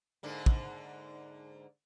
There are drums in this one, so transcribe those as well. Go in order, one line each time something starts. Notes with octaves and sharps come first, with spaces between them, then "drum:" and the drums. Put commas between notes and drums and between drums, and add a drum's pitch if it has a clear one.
G#2 D3 A#3
drum: kick